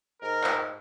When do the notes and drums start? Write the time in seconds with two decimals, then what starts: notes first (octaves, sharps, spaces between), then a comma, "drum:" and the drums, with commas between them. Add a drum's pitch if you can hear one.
0.22 G#2 A#4
0.44 drum: clap